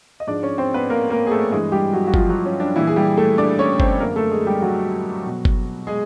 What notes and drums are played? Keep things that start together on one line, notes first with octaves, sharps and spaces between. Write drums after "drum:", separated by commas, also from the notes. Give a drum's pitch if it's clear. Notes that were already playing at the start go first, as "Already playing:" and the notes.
D#5
G#2 F3 G#3 D4 D5
C#4 C#5
C4 C5
B3 B4
A#3 A#4
A#3 A#4
G#4
A3 A4
G2 E3 G#3 G#4
G3 G4
F#3 F#4
F#4
F3 F4, drum: kick G1
F#3 F#4
C#4
D4
A#2 E3 G3 E4
G#4
G3 G4
A3 A4
D4 D5
C#4 C#5
C4 C5, drum: kick G1
F#2 D3 F#3 A#3 A#4
A3 A4
G#3 G#4
G3 G4
F#3 F#4
B2 F#3
drum: kick G1
G#3 G#4